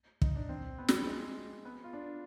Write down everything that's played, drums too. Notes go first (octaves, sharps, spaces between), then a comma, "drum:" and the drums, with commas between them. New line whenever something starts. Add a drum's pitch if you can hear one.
D#4, drum: kick
D4
C4
B3
G3, drum: snare
F3
G#3
B3
F4
D4